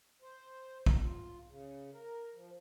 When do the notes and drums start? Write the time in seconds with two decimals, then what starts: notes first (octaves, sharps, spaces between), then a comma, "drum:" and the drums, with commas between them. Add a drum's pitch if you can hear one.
0.22 C5
0.86 drum: kick
1.01 F4
1.49 C#3
1.93 A#4
2.35 F3